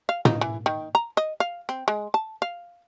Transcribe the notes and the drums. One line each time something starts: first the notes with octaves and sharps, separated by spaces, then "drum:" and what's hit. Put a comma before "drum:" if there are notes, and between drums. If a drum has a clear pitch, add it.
F5
D#4, drum: tom
E3
D#3
A#5
D#5
F5
C4
G#3
A5
F5